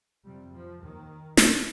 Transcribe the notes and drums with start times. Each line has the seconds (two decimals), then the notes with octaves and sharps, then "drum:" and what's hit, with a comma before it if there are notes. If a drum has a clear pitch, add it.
0.25 F2 C3 G3
0.53 F3
0.82 D#2 D#3
1.37 C3, drum: snare